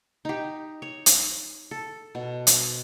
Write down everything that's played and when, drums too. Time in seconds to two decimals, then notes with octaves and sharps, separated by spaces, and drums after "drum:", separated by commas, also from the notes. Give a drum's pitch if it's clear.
0.25 D#4 G4
0.82 C#5
1.06 drum: hi-hat
1.71 A4
2.15 B2
2.47 drum: hi-hat